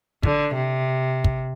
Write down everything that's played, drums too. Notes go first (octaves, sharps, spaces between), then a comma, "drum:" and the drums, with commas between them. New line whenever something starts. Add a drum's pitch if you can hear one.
D3, drum: kick
C3
drum: kick